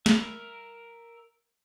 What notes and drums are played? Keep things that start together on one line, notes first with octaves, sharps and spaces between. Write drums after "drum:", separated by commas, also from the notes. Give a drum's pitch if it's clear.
A#4 E5, drum: snare